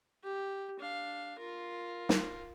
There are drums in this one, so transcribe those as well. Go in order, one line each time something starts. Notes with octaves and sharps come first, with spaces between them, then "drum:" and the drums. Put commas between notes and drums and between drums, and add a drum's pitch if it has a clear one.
G4
D4 F5
F4 A#4
drum: snare